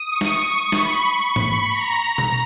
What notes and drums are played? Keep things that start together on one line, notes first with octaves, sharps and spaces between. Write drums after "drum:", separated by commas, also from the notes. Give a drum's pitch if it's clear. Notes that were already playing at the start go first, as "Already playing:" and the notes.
Already playing: D#6
C#6
drum: snare
C#6
B5, drum: snare
C#6
B5, drum: tom G#2
A#5
drum: tom B2